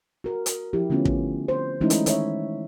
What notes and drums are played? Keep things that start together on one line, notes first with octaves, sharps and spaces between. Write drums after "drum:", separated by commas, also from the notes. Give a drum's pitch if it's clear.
F#4 A#4
drum: hi-hat
F3 E4 G4
D3 A3 B3 C#4 F4
drum: kick
C5
E3 G#3 A3 C#4 D#4 E4
drum: hi-hat
D#3 C#5 E5, drum: hi-hat